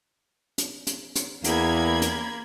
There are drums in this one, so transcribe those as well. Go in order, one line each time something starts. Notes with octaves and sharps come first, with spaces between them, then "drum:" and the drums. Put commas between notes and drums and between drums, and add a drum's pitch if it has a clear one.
drum: hi-hat
drum: hi-hat
drum: hi-hat
E2 A#3 B5 G#6, drum: hi-hat
drum: hi-hat